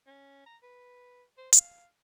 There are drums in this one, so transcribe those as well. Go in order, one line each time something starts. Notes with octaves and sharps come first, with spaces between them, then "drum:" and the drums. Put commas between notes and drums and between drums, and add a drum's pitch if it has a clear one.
C#4
A#5
B4
C5
F5, drum: hi-hat